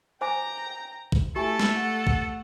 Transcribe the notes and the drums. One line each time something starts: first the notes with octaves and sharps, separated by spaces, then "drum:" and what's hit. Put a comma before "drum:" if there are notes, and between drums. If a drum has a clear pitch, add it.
C5 G5 G#5 A#5 D6
drum: kick G#1
A3 E4 G4 A4 G#5 A5
drum: snare
F#5
drum: kick G#1